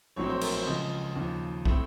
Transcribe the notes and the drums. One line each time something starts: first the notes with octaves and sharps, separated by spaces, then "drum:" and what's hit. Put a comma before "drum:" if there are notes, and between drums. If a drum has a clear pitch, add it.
A#1 A2 F#3 C4 C#5
C5
A#4, drum: cymbal
C5
C#2 C#3 F3 D#5
D#2 C#3 F3
A2 A3 C4, drum: kick